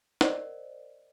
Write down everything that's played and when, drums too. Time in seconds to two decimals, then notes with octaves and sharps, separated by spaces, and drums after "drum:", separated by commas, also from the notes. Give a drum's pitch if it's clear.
0.21 A#4 C5 D5 D#5 F#5, drum: snare